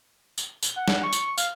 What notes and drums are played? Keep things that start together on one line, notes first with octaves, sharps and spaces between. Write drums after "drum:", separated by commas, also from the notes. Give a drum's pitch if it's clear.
drum: tambourine
drum: tambourine
F#5
drum: snare
C#6
drum: tambourine
F5, drum: tambourine